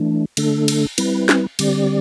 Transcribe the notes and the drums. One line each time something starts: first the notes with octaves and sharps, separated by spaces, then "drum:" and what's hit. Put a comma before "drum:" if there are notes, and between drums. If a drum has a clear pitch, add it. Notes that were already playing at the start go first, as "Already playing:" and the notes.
Already playing: E3 A3 D4
D3 A3 D4 A4, drum: cymbal
drum: cymbal
G3 C4 E4 B4, drum: cymbal
drum: snare
D3 G3 C4 G4 D5, drum: cymbal